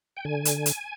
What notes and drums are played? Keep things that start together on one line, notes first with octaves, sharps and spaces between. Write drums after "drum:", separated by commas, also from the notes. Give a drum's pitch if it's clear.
G5
D3 G#5
drum: hi-hat
drum: hi-hat